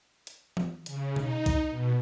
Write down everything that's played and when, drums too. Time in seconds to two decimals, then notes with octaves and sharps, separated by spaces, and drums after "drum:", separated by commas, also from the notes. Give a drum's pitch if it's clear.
0.27 drum: hi-hat
0.57 drum: tom E3
0.86 C#3, drum: hi-hat
1.16 D#4, drum: tom B2
1.46 drum: kick, hi-hat
1.69 B2